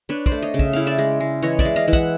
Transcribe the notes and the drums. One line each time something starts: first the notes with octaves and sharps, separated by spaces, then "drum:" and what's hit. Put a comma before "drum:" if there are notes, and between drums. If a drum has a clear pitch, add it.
D4 B4 C#5
C5 D5, drum: kick
A3
C#5 D#5
C#3
E5, drum: kick
E4 F5
D5 E5
G#3
G#3
E3 C#5 D#5
D5 E5, drum: kick
G#3
D#5 F5
E3
E5 F#5, drum: kick